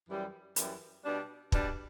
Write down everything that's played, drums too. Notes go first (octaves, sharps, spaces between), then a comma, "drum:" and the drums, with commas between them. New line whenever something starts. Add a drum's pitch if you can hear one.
F#2 E3 G3
F#2 E3 G3, drum: hi-hat
B2 G3 D4
B2 G3 D4, drum: kick